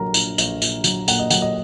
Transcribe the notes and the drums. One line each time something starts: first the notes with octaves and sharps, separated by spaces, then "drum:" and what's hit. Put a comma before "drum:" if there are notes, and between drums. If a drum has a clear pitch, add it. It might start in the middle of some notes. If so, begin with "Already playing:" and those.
Already playing: A#1 F#3 A#4 A#5
A#1, drum: tambourine
A#1, drum: tambourine
A#1, drum: tambourine
F#3, drum: tambourine
A#2 F#5, drum: tambourine
D#5
F#3 F#5, drum: tambourine
D#5